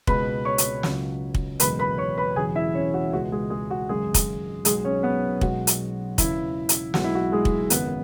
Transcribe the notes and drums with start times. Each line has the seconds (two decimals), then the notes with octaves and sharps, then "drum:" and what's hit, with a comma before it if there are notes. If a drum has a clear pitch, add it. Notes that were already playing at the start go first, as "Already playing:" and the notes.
0.07 C#2 B2 G#3 B4 B5, drum: kick
0.45 C#5 C#6
0.58 drum: hi-hat
0.83 C#2 C#3 F#3, drum: snare
1.35 drum: kick
1.60 F#1 E2 B2 G#3 B4 B5, drum: hi-hat
1.79 B4 B5
1.98 C#5 C#6
2.18 B4 B5
2.36 E1 E2 C#3 F#3 G#4 G#5
2.55 E4 E5
2.74 C#4 C#5
2.94 F#4
3.13 C#2 B2 G#3 F#4
3.32 G#3 G#4
3.50 G#3 G#4
3.70 F#4
3.88 G#1 F#2 C#3 G#3 G#4
4.14 drum: kick, hi-hat
4.65 B1 B2 F#3 G#3 G#4, drum: hi-hat
4.85 C#4 C#5
5.03 B3 B4
5.41 B1 B2 G#3 F#4, drum: kick
5.67 drum: hi-hat
6.18 E1 E2 C#3 E4, drum: kick, hi-hat
6.69 drum: hi-hat
6.94 B1 B2 G#3 F#4, drum: snare
7.04 E4
7.15 F#4
7.32 G#3 G#4
7.45 drum: kick
7.70 G#1 F#2 C#3 F#3 B3 B4, drum: hi-hat